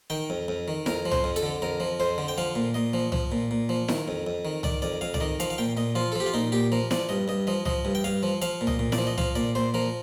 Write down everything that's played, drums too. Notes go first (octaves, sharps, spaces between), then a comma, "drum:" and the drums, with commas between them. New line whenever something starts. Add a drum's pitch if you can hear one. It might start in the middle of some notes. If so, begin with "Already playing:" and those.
D#3 G5
F2
F2
D#3
F2 A#4, drum: snare E4
F3
C5, drum: tom
F2
A4, drum: hi-hat
D3
F2 A#4
F3
F2 C5
D3
G5
F3 F5
A#2
A#2 D#5
F3
F3, drum: tom
A#2
A#2
F3
D#3, drum: snare E4
F2
F2
D#3
D#3 D5, drum: tom
F2 D5
F2 F5
D5, drum: tom
D#3 D#5
F3 F5, drum: hi-hat
F5
A#2 G5
A#2 D#5
F3 F4
A4
F3 G4
F4
A#2 D#4
A#2 G4
F3 A#4
F3 D5, drum: snare E4
G2 D#5
G2 D#5
F3 D#5
F3 D#5, drum: tom
G2
G5
G2 F5
F3
F3 F5, drum: hi-hat
A#2
D#5, drum: tom
A#2
D5, drum: snare E4
F3
D#5
F3 F5, drum: tom
A#2 D5
A#2 C5
F3 A#4